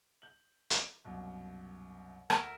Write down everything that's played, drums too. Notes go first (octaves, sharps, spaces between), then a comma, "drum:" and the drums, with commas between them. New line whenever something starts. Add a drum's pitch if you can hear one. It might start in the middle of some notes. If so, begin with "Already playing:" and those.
G6 F#7
drum: hi-hat
C2 F#2 B2
D2 A#4 E5 F#5 D7, drum: rim click